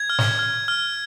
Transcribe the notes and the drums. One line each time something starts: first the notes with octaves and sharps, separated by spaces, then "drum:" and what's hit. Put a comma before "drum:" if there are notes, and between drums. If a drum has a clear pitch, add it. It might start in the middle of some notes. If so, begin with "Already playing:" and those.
Already playing: G#6
F6
drum: snare
F6
F6